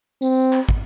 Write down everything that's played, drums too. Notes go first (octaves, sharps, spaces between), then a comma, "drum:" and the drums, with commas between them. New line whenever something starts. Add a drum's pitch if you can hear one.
C4, drum: tambourine
drum: clap
drum: kick